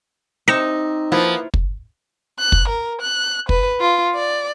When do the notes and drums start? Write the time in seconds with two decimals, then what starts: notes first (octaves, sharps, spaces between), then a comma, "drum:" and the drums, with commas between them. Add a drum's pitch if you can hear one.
0.48 C3 D#4 A#6 C#7 E7
1.12 F3 A#3 B3 E4
1.54 drum: kick
2.39 F#6
2.52 drum: kick
2.68 A#4
3.02 F#6
3.49 B4, drum: kick
3.80 F4
4.15 D5